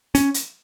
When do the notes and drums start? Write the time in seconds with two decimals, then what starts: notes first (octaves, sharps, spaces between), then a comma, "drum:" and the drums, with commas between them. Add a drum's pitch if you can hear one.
0.15 C#4, drum: hi-hat
0.34 drum: hi-hat